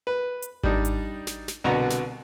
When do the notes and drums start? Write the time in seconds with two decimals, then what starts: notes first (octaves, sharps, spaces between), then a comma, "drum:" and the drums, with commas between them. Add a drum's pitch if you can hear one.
0.07 B4
0.42 drum: hi-hat
0.63 G3 D4 D#4, drum: kick G#1
0.85 drum: hi-hat
1.27 drum: snare
1.48 drum: snare
1.64 C2 B2 D3 F#4 B4 A#5
1.90 drum: snare